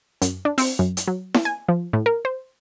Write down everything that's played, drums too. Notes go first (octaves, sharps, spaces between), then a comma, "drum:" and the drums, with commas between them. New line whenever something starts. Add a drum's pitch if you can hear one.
F#2, drum: hi-hat
D4
C4, drum: open hi-hat
F#2
drum: hi-hat
F#3
drum: snare E4
G#5
F3
A2
A#4
C5